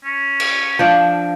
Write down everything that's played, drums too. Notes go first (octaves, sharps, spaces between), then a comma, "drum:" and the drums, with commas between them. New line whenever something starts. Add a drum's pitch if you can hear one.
C#4
drum: cymbal
F3 D4